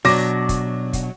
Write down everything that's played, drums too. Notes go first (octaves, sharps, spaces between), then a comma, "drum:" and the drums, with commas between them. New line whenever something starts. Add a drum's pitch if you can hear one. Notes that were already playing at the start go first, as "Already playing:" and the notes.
B2 F#3 D4 D6 A#6, drum: open hi-hat
drum: kick, hi-hat
drum: kick, hi-hat